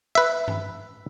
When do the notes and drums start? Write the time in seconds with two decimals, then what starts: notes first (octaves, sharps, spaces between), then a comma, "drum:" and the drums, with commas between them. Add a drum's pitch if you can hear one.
0.15 B4 E5
0.48 drum: tom G2